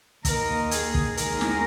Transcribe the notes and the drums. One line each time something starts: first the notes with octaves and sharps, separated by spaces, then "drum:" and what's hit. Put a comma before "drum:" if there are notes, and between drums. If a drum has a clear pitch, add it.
D#2 D#3 A#3 D#4 A#4, drum: kick, hi-hat
G#4, drum: hi-hat
drum: kick
D#2 D#3 G#3 D#4 G#4 A#4, drum: hi-hat
drum: snare